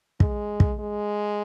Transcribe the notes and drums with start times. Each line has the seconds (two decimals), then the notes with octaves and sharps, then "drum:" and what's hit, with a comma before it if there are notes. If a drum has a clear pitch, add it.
0.20 G#3, drum: kick
0.60 drum: kick
0.80 G#3